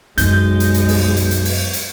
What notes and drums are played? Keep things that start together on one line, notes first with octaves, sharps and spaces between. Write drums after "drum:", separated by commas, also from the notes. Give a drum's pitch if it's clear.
B1 F#2 G#3 G6, drum: hi-hat
drum: hi-hat
drum: hi-hat
drum: open hi-hat
drum: hi-hat
drum: hi-hat
drum: open hi-hat
drum: hi-hat